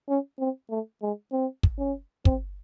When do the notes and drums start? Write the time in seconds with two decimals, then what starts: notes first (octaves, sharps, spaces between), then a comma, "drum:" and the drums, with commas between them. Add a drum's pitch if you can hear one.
0.09 C#4
0.39 C4
0.70 A3
1.02 G#3
1.32 C4
1.63 drum: kick
1.78 C#4
2.25 C4, drum: kick